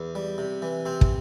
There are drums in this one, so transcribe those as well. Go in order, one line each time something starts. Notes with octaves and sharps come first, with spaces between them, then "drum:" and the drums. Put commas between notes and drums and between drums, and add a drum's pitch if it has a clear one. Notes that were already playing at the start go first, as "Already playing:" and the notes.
Already playing: E2
G3
C3
E3
C3 C4
drum: kick